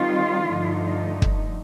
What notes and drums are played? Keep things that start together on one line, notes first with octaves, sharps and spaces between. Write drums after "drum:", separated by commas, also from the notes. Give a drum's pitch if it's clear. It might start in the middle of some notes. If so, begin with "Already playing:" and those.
Already playing: D#3 G3 C4 D#4 F4
G2 D3 F3 A3 D#4
drum: kick